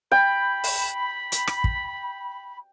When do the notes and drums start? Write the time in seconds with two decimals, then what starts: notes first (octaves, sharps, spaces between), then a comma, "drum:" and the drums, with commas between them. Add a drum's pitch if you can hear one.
0.12 G5 B5
0.64 drum: open hi-hat
1.32 drum: hi-hat
1.47 drum: rim click
1.64 drum: kick